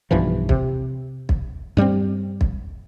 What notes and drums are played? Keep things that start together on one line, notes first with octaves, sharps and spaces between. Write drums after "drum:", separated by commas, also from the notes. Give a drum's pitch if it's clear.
B1 G2 E3 F3
C3, drum: kick
drum: kick
G2 G3 A#3 C4
drum: kick